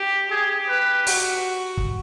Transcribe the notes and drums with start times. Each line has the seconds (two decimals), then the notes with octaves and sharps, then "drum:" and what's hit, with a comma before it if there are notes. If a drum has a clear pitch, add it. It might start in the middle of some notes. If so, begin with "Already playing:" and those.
Already playing: G4
0.31 G4 G#4
0.69 B4
1.07 F#4, drum: open hi-hat
1.77 drum: kick